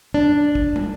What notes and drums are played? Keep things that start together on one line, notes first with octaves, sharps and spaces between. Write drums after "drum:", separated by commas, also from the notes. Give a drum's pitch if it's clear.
D4
drum: kick
drum: tom